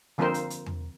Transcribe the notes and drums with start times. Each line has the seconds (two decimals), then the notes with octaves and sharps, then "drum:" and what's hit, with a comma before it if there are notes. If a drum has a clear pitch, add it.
0.18 D3 F3 A#3 C4 A#4 C5
0.34 drum: hi-hat
0.50 drum: hi-hat
0.66 drum: tom E2